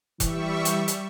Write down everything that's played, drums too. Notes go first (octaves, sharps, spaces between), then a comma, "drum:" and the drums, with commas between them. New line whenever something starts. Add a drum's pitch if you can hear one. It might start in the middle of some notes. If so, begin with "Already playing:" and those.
E3 G3 E5 C#6, drum: kick E1, hi-hat
drum: hi-hat
drum: hi-hat